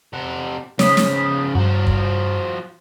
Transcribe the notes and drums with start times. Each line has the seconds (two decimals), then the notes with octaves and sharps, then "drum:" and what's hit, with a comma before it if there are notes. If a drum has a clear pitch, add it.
0.13 C3 F#5
0.79 C#3 F3 C#5 D#6 B6, drum: snare
0.97 drum: snare
1.55 G2 F3 F#4
1.87 drum: kick